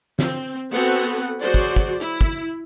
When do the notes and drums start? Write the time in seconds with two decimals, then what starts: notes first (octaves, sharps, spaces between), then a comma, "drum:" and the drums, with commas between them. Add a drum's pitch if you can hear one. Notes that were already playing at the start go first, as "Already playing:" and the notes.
0.19 C4, drum: snare
0.71 B3 C4 F#4 A4 B4 F#5
1.38 F#3 F#4 G#4 C5 D5
1.54 drum: kick
1.76 drum: kick
1.99 E4
2.21 drum: kick